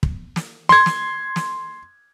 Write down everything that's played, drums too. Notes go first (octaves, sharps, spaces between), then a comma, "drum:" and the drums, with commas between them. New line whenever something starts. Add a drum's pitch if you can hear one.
drum: kick
drum: snare
C6 G#6, drum: snare
drum: snare
drum: snare